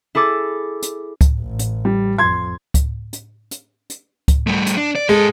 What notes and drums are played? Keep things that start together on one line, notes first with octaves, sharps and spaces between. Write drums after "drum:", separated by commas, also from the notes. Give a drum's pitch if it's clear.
E4 G#4 A4 D6 A6
drum: hi-hat
drum: kick C#2, hi-hat
A1
drum: hi-hat
G3
F2 C6 G#6
drum: kick C#2, hi-hat
drum: hi-hat
drum: hi-hat
drum: hi-hat
drum: kick C#2, hi-hat
G3 A3
drum: hi-hat
D4
D5
G#2 G#3 A4